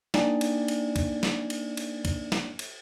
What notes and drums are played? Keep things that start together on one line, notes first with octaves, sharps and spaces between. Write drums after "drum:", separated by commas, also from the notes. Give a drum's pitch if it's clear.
A#3 D4 D#4 D5 G5 G#5, drum: snare
drum: cymbal
drum: cymbal
drum: kick, cymbal
drum: snare
drum: cymbal
drum: cymbal
drum: kick, cymbal
drum: snare
drum: cymbal